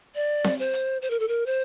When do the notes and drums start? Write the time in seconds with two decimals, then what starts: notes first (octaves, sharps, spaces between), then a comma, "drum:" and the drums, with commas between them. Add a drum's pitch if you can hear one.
0.15 D5
0.44 drum: snare C4
0.59 C5
0.73 drum: hi-hat
1.02 C5
1.10 A#4
1.20 A4
1.28 A#4
1.46 C5